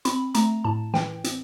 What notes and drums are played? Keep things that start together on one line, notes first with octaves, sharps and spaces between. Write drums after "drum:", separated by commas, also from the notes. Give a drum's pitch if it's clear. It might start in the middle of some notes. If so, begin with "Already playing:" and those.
C4 B5, drum: hi-hat
A3 A#5, drum: hi-hat
A2 A5
E3 G5, drum: snare
C4, drum: hi-hat